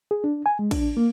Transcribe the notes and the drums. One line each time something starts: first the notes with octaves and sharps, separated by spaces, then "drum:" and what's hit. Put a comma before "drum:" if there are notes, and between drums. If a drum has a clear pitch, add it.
G#4
D4
G#5
G#3
D4, drum: kick, cymbal
A#3